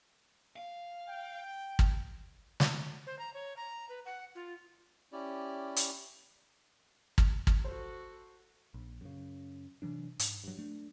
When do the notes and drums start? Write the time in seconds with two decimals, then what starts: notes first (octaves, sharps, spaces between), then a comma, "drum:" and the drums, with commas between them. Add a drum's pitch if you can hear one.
0.56 F5
1.09 G5
1.79 drum: kick
2.60 drum: snare
3.07 C5
3.19 A#5
3.34 C#5
3.57 A#5
3.89 B4
4.06 F#5
4.35 F4
5.12 C#4 E4 G4 D5
5.76 drum: hi-hat
7.18 drum: kick
7.47 drum: kick
7.64 F#4 A4 C5
8.74 A#1
9.01 F#2 C#3
9.82 C3 E3 F#3 D4
10.19 G#2, drum: hi-hat
10.44 G2 F#3
10.59 A3 D4